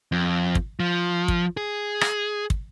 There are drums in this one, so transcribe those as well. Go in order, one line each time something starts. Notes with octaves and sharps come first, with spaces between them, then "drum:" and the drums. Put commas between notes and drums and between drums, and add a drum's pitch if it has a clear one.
F2
drum: kick
F3
drum: kick
G#4
drum: rim click
drum: kick